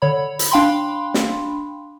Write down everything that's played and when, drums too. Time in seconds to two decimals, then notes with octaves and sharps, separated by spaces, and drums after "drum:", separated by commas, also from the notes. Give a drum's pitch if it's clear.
0.02 D3 C#5 B5
0.39 drum: hi-hat
0.52 D4 F5 G5 B5 C6
1.14 drum: snare